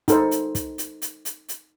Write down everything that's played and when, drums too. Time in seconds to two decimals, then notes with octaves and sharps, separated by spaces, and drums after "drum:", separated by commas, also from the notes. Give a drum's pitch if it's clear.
0.08 D#4 A4 C5, drum: kick, hi-hat
0.31 drum: hi-hat
0.55 drum: kick, hi-hat
0.78 drum: hi-hat
1.02 drum: hi-hat
1.25 drum: hi-hat
1.49 drum: hi-hat